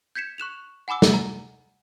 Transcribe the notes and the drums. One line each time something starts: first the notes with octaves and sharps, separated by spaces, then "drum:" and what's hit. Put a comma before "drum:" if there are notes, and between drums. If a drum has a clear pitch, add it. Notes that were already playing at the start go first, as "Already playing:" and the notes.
G6 G#6 B6 C#7 E7
C#6 F#6 E7 F7
F#5 G#5 B5 D6 E6
drum: snare
A#5